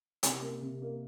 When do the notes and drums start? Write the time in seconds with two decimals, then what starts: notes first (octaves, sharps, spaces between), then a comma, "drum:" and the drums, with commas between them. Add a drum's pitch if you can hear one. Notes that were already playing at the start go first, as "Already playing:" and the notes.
0.23 C3, drum: hi-hat
0.42 A#3
0.62 C3
0.82 A#3